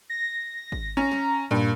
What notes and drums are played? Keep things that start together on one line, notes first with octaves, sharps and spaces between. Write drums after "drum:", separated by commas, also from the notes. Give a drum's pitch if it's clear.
A#6
drum: kick G#1
C#4 A#5
drum: snare
G2 A#2